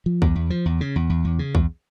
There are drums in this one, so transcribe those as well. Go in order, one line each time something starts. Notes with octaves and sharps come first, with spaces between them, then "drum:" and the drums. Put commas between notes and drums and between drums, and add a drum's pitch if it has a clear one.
F3
E2, drum: kick B1
E2
F3
E2
C#3
E2
E2
E2
C#3
E2, drum: kick B1